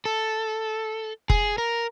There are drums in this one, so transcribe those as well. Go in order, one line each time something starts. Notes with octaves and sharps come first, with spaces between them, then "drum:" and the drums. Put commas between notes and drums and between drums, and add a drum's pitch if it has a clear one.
A4
G#4, drum: kick F1
A#4